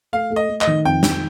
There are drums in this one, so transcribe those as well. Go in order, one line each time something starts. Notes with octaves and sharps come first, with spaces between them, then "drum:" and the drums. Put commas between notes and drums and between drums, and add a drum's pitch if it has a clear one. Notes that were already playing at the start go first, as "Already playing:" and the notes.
A3 F5
A3
D#5
A3
D#5, drum: clap
D#3
F2 G5
D#3, drum: snare